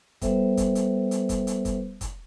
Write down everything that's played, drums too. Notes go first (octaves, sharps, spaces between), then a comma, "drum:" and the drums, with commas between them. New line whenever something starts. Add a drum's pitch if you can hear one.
G3 B3 A4 B4 C5 E5, drum: kick, hi-hat
drum: kick, hi-hat
drum: hi-hat
drum: hi-hat
drum: kick, hi-hat
drum: hi-hat
drum: kick, hi-hat
drum: kick, hi-hat